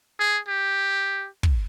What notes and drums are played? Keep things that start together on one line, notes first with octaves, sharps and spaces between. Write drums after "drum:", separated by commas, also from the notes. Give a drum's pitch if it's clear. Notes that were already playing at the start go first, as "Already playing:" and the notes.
G#4
G4
drum: kick